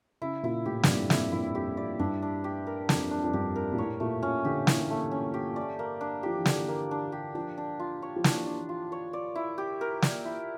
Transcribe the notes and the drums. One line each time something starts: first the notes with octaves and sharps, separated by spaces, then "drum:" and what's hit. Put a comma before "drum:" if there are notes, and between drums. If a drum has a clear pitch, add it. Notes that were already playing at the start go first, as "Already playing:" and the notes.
C#3 E4
A#2 E4
A2 G4
G2, drum: snare
F2 D5
F2 E4, drum: snare
G2 E4
F2 G4
F2 D5
G2 D4
D4
G4
A#4
F2 D4, drum: snare
D4
F2
G2 G4
A#4
A#2
A2 C#5
A#2 A3
A#2 C#4
D3 G4
E3 C#5, drum: snare
A3
C#4
G4
D5
A#3
D4
F3 G4
E3
D3 D5, drum: snare
A#3
D4
G4
F3 D4
D4
F4
C#5
F3
E3 D4, drum: snare
D4
F4
C#5
D5
E4
G4
A#4
D5, drum: snare
E4